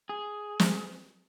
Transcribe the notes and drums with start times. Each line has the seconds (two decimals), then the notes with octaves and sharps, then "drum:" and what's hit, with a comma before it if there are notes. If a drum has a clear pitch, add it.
0.09 G#4
0.60 drum: snare